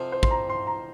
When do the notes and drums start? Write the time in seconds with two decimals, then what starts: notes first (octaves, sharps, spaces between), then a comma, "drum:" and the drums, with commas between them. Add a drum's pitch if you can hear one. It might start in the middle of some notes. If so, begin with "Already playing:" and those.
Already playing: F2 C3 F3 C5
0.12 C5
0.23 C6, drum: kick
0.31 A#5
0.49 C6
0.67 A#5